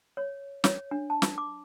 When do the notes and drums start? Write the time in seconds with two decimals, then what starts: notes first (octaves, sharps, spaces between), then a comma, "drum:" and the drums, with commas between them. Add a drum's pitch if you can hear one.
0.17 C#5
0.64 C#5, drum: snare
0.91 D4
1.10 A5
1.22 drum: snare
1.38 D6